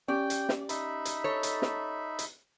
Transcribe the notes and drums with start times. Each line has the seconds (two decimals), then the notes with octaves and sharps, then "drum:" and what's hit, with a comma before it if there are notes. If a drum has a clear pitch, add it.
0.08 C#4 G4 D5 G5
0.30 drum: hi-hat
0.49 drum: snare
0.69 D#4 E5 B5, drum: hi-hat
1.05 drum: hi-hat
1.24 A4 C#5
1.43 drum: hi-hat
1.62 drum: snare
2.19 drum: hi-hat